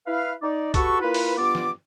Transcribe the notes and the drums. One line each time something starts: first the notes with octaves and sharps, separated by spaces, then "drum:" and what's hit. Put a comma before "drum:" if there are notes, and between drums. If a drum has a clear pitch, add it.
E4 B4 F5
D#4 D5
F#4 G4 A4 B4 A5 C#6, drum: kick C2, hi-hat
A#3 E4 F4 B4
drum: open hi-hat
G2 B3 F4 D5 D6
drum: snare